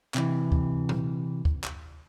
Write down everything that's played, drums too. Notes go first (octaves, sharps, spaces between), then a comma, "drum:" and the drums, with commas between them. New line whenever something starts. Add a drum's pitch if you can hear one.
C3 E3, drum: clap
drum: kick
drum: tom A#2
drum: kick
drum: clap